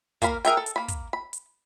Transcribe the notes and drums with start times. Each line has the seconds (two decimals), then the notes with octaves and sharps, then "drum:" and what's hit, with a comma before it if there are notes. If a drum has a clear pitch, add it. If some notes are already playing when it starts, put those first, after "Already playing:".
0.22 A#3 A#4 F5 B5, drum: kick, hi-hat
0.45 G#4 A#4 E5 G5, drum: hi-hat
0.57 A4
0.66 drum: hi-hat
0.76 A#3 B5
0.88 drum: kick, hi-hat
1.13 B5
1.33 drum: hi-hat